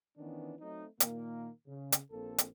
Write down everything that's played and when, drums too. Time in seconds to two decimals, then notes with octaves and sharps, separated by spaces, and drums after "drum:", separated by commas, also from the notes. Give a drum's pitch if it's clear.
0.18 D#3 E3 B3 C#4 D4
0.59 F#3 A3 C4 D#4
1.00 A#2 D#3 A#3, drum: hi-hat
1.67 C#3
1.92 drum: hi-hat
2.11 A#1 A#3 C4 A4
2.38 drum: hi-hat